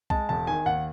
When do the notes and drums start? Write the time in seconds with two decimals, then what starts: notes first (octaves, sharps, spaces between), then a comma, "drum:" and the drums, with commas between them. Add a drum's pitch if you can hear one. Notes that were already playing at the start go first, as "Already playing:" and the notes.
0.10 G#3 A5, drum: kick C2
0.29 E1 A5
0.47 D#3 G#5
0.66 D#2 F#5